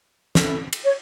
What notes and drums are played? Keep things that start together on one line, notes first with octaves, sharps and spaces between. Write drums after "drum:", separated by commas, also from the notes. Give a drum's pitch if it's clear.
C#4 E4 A4, drum: snare
drum: cymbal
C#5